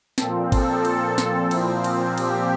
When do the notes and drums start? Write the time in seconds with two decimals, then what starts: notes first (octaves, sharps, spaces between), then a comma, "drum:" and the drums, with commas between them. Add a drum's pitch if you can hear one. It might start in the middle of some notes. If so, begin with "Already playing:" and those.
0.18 A#2 F3 C4 A4, drum: snare
0.52 A4, drum: kick G#1, cymbal
0.85 drum: cymbal
1.18 drum: snare
1.51 A#2 F3 C4 E4, drum: cymbal
1.84 drum: cymbal
2.18 G4, drum: cymbal